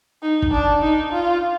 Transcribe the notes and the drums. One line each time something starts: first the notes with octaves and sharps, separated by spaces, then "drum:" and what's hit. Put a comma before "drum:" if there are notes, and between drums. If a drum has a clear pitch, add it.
D#4
drum: kick
D4
D#4
F4